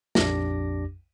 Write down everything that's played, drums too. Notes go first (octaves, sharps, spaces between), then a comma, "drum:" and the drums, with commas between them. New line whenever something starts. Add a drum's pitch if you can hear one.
A#1 F2 D4 G4 D6 A#6, drum: snare